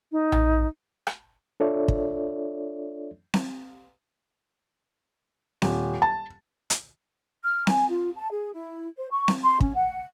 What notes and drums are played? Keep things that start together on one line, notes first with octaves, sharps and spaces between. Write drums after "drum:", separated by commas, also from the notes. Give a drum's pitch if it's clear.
D#4
drum: tom A#1
drum: rim click
D4 F4 A4 C#5 D5 E5
drum: kick
drum: snare C4
D#1, drum: snare C4
A5
drum: hi-hat
F6
G#5, drum: snare C4
F4
A5
G#4
E4
C5
C#6
drum: snare C4
C6
C#4, drum: kick
F#5